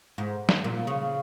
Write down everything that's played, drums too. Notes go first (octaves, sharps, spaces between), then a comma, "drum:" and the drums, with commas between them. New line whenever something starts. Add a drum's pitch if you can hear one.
G#2
drum: snare
A#2
C#3